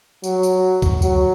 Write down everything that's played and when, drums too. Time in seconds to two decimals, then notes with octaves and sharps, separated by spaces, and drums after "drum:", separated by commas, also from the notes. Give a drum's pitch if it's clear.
0.24 F#3, drum: tambourine
0.43 drum: tambourine
0.82 drum: kick, tambourine
1.02 F#3, drum: tambourine